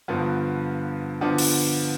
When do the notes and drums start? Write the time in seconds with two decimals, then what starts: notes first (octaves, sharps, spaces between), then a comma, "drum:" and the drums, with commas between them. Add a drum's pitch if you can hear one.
0.08 G2 D3 F3 B3
1.21 D3 F3 B3 D4
1.38 drum: open hi-hat